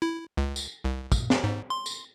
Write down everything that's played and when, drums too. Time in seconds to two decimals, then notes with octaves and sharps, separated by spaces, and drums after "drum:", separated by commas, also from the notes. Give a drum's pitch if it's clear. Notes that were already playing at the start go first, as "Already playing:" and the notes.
0.02 E4
0.37 C#2
0.56 drum: tambourine
0.84 C2
1.12 drum: kick, tambourine
1.30 drum: snare
1.44 G#2
1.70 C6
1.86 drum: tambourine